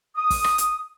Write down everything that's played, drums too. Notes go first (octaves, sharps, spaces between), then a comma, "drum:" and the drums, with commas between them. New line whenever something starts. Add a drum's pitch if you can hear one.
D#6
drum: kick, open hi-hat
drum: rim click
drum: hi-hat